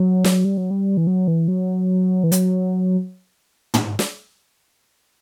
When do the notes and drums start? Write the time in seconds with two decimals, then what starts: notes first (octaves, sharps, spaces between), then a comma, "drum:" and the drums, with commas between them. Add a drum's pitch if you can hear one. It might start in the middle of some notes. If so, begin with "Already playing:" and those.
Already playing: F#3
0.24 drum: snare
0.45 G3
0.57 F#3
0.71 G3
0.97 E3
1.07 F#3
1.28 E3
1.48 F#3
2.24 E3
2.32 F#3, drum: hi-hat
3.74 drum: tom
3.99 drum: snare